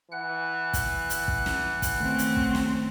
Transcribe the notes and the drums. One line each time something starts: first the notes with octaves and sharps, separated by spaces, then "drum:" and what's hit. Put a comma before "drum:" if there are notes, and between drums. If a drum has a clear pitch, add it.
E3 F#5 F#6
drum: kick, hi-hat
drum: hi-hat
drum: kick
drum: snare
drum: kick, hi-hat
D#3 A3 C4 C#4
drum: hi-hat
drum: kick
drum: snare